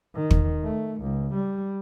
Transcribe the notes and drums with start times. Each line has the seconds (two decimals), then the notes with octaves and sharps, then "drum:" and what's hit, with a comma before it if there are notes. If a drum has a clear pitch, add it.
0.15 D#3
0.31 drum: kick
0.64 A3
1.01 C#2
1.34 G3